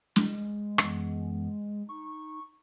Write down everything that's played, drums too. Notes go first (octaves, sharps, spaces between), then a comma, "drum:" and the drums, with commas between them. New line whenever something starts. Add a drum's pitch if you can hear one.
G#3, drum: snare
F#2 E3 B3, drum: rim click
D#4 C#6